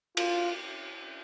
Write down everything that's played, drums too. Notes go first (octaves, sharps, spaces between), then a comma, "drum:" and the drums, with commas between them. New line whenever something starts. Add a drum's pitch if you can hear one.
F4, drum: cymbal